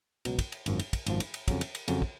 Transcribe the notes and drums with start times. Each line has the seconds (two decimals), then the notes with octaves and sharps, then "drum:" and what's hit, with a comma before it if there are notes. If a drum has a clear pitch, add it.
0.25 C#2 B2 F#3, drum: cymbal
0.39 drum: kick, cymbal
0.52 drum: cymbal
0.66 G#1 F#2 F3, drum: cymbal
0.79 drum: cymbal
0.93 drum: kick, cymbal
1.06 G#1 F#2 F3, drum: cymbal
1.20 drum: cymbal
1.34 drum: cymbal
1.48 F2 C#3 F#3, drum: kick, cymbal
1.61 drum: cymbal
1.75 drum: cymbal
1.88 F2 C#3 F#3, drum: cymbal
2.02 drum: kick